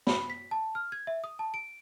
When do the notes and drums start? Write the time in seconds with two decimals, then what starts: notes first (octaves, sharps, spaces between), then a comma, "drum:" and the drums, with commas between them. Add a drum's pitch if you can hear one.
0.07 B5, drum: snare
0.30 B6
0.51 A5
0.75 F6
0.92 G#6
1.07 E5
1.24 D#6
1.39 A5
1.54 D7